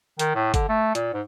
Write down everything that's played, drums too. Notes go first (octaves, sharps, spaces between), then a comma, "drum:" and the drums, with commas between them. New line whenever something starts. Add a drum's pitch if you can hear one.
D#3, drum: hi-hat
A2
D3, drum: kick G1, hi-hat
A3
A#2, drum: hi-hat
G#2